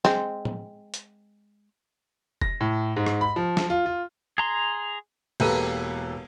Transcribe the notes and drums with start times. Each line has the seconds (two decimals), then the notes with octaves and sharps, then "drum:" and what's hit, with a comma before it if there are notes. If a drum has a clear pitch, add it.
0.05 G#3 C4, drum: snare
0.45 drum: tom A2
0.94 drum: hi-hat
2.41 A#6, drum: kick F1
2.61 A2
2.96 G#2
3.06 drum: rim click
3.21 B5
3.36 F3
3.57 drum: snare
3.70 F4
3.86 F4
4.38 G#4 A#5 C6
5.40 E1 A#3 G4 A4 B4 D#7, drum: cymbal